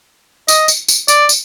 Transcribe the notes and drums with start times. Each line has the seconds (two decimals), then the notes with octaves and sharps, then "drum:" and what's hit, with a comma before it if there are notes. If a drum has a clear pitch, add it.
0.48 D#5, drum: tambourine
0.68 drum: tambourine
0.88 drum: tambourine
1.08 D5, drum: tambourine
1.29 drum: tambourine